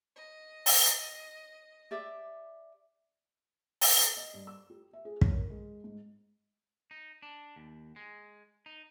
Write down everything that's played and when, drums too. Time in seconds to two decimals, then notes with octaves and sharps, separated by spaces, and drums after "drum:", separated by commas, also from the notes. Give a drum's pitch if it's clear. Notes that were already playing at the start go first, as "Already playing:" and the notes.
0.16 D#5
0.66 drum: open hi-hat
1.91 G4 D5 E5
3.81 drum: open hi-hat
4.00 A4
4.17 D#5
4.34 G2
4.47 E6
4.70 G4
4.93 E5
5.05 G#4
5.21 C#5, drum: kick
5.34 A#4
5.50 G#3
5.84 G#2
6.91 D#4
7.22 D4
7.56 D#2
7.96 G#3
8.66 D#4